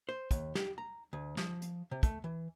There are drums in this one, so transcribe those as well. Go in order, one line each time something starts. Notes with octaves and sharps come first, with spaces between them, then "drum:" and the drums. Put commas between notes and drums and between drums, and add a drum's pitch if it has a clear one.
C5
D#2, drum: kick, hi-hat
G4, drum: snare
A#5
D2
F3, drum: snare
drum: hi-hat
C3
A3, drum: kick, hi-hat
E3